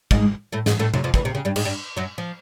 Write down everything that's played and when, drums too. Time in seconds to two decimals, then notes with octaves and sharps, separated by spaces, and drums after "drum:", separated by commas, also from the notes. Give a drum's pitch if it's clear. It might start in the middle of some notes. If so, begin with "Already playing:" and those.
0.11 G#2 G#3, drum: kick
0.52 A2 A3
0.66 G#2 G#3, drum: snare
0.79 A2 A3
0.94 F#2 F#3, drum: tom C3
1.04 F2 F3
1.14 E2 E3, drum: kick
1.25 C3
1.35 C#3
1.45 G2 G3
1.56 G#2 G#3, drum: cymbal
1.65 G2 G3
1.97 F#2 F#3
2.18 F3